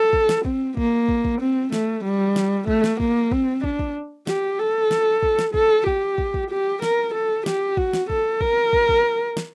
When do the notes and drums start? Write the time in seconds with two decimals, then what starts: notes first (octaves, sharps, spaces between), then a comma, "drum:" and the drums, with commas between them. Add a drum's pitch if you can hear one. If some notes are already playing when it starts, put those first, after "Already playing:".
Already playing: A4
0.13 drum: kick
0.29 drum: snare
0.45 C4, drum: kick
0.77 A#3, drum: kick
1.09 drum: kick
1.25 drum: kick
1.41 C4
1.72 A3, drum: snare
2.04 G3
2.36 drum: snare
2.67 A3, drum: kick
2.84 drum: snare
3.00 A#3, drum: kick
3.31 C4, drum: kick
3.64 D4, drum: kick
3.79 drum: kick
4.27 G4, drum: snare
4.59 A4
4.91 drum: snare
5.23 drum: kick
5.39 drum: snare
5.54 A4, drum: kick
5.87 G4, drum: kick
6.18 drum: kick
6.34 drum: kick
6.50 G4
6.82 A#4, drum: snare
7.14 A4
7.46 G4, drum: snare
7.77 F#4, drum: kick
7.93 drum: snare
8.10 A4, drum: kick
8.41 A#4, drum: kick
8.73 drum: kick
8.89 drum: kick
9.37 drum: snare